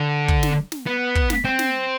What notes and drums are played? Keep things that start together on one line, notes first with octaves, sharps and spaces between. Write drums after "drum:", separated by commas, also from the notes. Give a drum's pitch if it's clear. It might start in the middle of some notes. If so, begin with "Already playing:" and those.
Already playing: D3
drum: kick
drum: snare
drum: snare
B3
drum: kick
drum: snare
C4
drum: snare